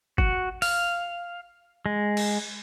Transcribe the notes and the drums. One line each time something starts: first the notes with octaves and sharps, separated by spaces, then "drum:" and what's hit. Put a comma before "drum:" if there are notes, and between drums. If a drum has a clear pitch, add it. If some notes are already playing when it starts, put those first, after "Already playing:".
F#4, drum: kick F#1
F5, drum: open hi-hat
G#3
drum: cymbal